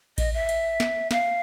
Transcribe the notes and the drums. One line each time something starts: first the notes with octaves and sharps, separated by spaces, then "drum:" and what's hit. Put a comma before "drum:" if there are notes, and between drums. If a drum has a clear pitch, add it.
D#5, drum: kick A1, cymbal
E5
drum: cymbal
drum: snare
F5, drum: snare